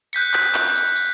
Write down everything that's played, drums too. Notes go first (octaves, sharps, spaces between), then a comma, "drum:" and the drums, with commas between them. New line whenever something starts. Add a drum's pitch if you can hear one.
F#6 G6 B6 C#7, drum: tambourine
drum: clap
drum: clap
drum: tambourine
drum: tambourine